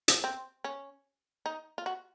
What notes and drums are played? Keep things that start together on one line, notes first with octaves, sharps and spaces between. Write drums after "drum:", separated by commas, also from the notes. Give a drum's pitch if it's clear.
drum: hi-hat
C4
C#4
D#4
F4
F#4